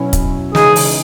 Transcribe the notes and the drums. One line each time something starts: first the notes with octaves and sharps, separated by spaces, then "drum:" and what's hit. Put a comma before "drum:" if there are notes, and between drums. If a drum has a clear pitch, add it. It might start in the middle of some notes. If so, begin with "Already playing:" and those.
Already playing: B2 F#3 C#4 E4
drum: kick, hi-hat
C#3 E3 G#3 D#4 G#4, drum: snare
drum: open hi-hat